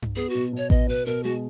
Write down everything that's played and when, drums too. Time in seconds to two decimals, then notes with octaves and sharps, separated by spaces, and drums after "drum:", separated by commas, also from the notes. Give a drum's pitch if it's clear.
0.02 drum: tom G2
0.16 B3 G#4
0.30 F#4
0.35 B2
0.53 B2 C#5
0.70 B3 D#5, drum: kick A1
0.88 B2 B4
1.06 B2 A#4
1.24 G#3 F#4